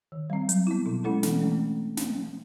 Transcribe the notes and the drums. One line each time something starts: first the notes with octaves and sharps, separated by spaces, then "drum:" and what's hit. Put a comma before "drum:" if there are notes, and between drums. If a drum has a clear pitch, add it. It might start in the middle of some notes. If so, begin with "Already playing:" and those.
D#3
G3 C4
F#3, drum: hi-hat
B3 E4
B2
G#3 C#4 E4 A4
E3, drum: snare
A3 C4
drum: snare